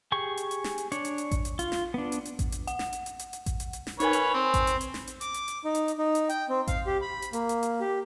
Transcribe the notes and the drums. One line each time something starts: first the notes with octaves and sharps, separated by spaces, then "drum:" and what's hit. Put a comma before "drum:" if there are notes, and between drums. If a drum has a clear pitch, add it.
G4 G#4 C#6
drum: hi-hat
drum: hi-hat
drum: snare
drum: hi-hat
D4 C#5, drum: hi-hat
drum: hi-hat
drum: hi-hat
drum: kick A1, hi-hat
drum: hi-hat
F4, drum: hi-hat
drum: snare
B3 D4
drum: hi-hat
drum: hi-hat
drum: kick A1, hi-hat
drum: hi-hat
F#5, drum: hi-hat
drum: snare
drum: hi-hat
drum: hi-hat
drum: hi-hat
drum: hi-hat
drum: kick A1, hi-hat
drum: hi-hat
drum: hi-hat
drum: snare
D#4 A#4 B4 C#5 G#5, drum: hi-hat
G#5 F7, drum: hi-hat
C4
drum: kick A1, hi-hat
drum: hi-hat
drum: hi-hat
drum: snare
drum: hi-hat
D6, drum: hi-hat
drum: hi-hat
drum: hi-hat
D#4
drum: hi-hat
drum: hi-hat
D#4
drum: hi-hat
G5, drum: hi-hat
C4
F5, drum: kick A1, hi-hat
G4
B5
drum: hi-hat
A#3, drum: hi-hat
drum: hi-hat
drum: hi-hat
G4